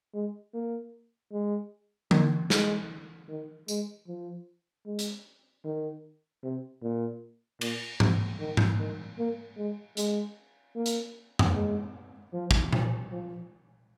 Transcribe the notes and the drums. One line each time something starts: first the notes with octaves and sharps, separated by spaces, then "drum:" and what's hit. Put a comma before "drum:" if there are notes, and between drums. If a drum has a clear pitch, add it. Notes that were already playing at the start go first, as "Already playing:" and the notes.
G#3
A#3
G#3
D#3, drum: tom D3
G#3, drum: snare
D#3
G#3, drum: tambourine
F3
G#3
drum: hi-hat
D#3
C3
A#2
A#2, drum: cymbal
C3, drum: tom G#2
D#3
drum: tom G#2
D#3
A#3
G#3
G#3, drum: hi-hat
A#3
drum: hi-hat
drum: tom F#2
G#3
F3
drum: kick
F3, drum: tom A#2
F3